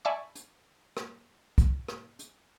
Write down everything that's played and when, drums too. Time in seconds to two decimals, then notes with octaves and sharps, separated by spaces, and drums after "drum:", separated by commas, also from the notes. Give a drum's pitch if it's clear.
0.05 D5 E5 G#5 A5 B5 C#6
0.35 drum: hi-hat
0.97 drum: rim click
1.58 drum: kick, hi-hat
1.88 drum: rim click
2.19 drum: hi-hat